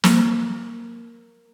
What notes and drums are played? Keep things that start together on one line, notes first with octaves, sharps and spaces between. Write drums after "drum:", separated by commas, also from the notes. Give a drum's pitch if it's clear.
A#3, drum: snare